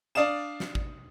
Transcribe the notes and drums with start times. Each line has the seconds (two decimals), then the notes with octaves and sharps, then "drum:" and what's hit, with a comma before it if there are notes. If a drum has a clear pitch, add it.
0.15 D4 D5 F5 D#6 E7
0.60 drum: snare
0.75 drum: kick G#1